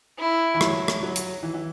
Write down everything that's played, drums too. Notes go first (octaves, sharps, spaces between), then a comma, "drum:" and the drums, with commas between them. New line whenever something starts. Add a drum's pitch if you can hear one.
E4
E3
F#3, drum: rim click
drum: rim click
F#3
drum: hi-hat
E3
E3